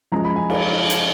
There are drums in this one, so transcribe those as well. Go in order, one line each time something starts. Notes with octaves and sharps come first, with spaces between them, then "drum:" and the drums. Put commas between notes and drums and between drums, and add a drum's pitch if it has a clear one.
F#2 F3 G#3 A#5
B5
G#5
F5, drum: cymbal
drum: hi-hat